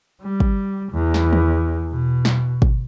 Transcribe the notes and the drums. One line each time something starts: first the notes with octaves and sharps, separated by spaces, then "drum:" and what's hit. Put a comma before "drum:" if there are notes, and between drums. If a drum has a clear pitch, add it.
G3
drum: kick
E2
drum: snare
drum: tom D#3
B2
drum: snare
drum: kick